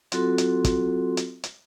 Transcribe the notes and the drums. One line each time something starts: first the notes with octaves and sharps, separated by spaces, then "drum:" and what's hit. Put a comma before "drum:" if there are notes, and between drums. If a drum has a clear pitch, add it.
F#3 C4 F4 F#4 A4 C6, drum: hi-hat
drum: hi-hat
drum: kick, hi-hat
drum: hi-hat
drum: hi-hat